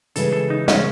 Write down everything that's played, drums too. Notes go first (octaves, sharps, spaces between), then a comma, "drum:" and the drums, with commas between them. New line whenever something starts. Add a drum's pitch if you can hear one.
C#3 E3 G#3 A4, drum: hi-hat
A4
D#4
C#3 G#3 C4 C#4 D#4, drum: snare